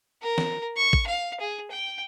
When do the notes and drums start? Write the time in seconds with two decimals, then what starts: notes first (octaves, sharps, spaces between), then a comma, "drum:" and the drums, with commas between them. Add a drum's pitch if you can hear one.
0.23 A#4
0.38 drum: snare
0.77 C#6
0.93 drum: kick G#1
1.07 F5
1.41 G#4
1.71 G5